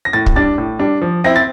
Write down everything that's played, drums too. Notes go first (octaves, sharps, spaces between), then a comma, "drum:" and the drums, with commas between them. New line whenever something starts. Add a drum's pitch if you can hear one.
A#6
A2 A6
drum: kick
G3 D4 A6
A2
G3 D4
F3
C4 E4 A#6
A6